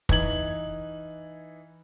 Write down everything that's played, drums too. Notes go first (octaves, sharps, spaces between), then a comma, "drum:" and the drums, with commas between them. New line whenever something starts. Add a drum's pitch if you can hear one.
E3 D#4 G#6 F#7, drum: kick